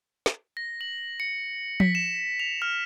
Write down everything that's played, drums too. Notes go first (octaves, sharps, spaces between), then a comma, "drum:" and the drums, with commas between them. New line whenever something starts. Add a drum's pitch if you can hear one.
drum: snare
A#6
F#7
C#7
B6, drum: tom F3
E7
F7
F6